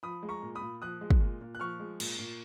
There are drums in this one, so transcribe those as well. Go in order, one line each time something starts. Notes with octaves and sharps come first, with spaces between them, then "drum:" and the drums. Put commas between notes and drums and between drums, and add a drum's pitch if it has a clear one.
F3 B5 D#6
G#3
A#5 C#6
A#2
B5 D#6
A#2
F3 D#6 F#6
G#3
drum: kick
A#2
A#2
F#6
F3 C#6 F6
G#3
A#2, drum: cymbal
A#2